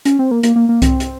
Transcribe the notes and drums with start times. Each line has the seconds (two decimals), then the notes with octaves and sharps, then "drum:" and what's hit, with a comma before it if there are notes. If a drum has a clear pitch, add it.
0.05 C#4, drum: hi-hat
0.19 C4
0.31 A#3
0.43 A#3, drum: hi-hat
0.56 A#3
0.69 A#3
0.82 C4, drum: kick C2, hi-hat
1.00 drum: hi-hat